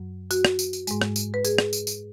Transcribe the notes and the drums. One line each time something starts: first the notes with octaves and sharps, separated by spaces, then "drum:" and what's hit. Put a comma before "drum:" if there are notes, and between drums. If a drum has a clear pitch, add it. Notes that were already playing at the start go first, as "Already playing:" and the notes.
Already playing: F#2 F#3
F#4, drum: tambourine
drum: rim click
drum: tambourine
drum: tambourine
G#2 G#3, drum: tambourine
drum: rim click
drum: tambourine
B4
G#4, drum: tambourine
drum: rim click
drum: tambourine
drum: tambourine